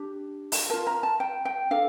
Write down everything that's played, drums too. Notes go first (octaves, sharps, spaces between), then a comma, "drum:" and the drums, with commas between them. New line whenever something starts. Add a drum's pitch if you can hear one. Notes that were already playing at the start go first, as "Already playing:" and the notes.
Already playing: D4 G4
drum: open hi-hat
F4 A#4 A5
A#5
A5
G5
G5
D4 A4 F5